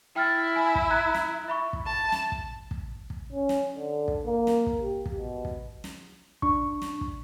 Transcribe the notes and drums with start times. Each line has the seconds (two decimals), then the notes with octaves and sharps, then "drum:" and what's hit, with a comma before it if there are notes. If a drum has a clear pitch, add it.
0.16 E4 G5 F6 A6
0.56 G#5
0.75 drum: kick
0.90 A#5 F#6 G#6
1.14 drum: snare
1.48 E5 B5 C#6
1.73 drum: kick
1.86 A5
2.12 drum: snare
2.32 drum: kick
2.71 drum: kick
3.10 drum: kick
3.32 C#4
3.49 drum: snare
3.75 D3
4.08 drum: kick
4.26 A#3
4.47 drum: snare
4.66 drum: kick
4.82 G4
5.06 drum: kick
5.16 B2
5.45 drum: kick
5.84 drum: snare
6.42 D4 C#6, drum: kick
6.82 drum: snare
7.01 drum: kick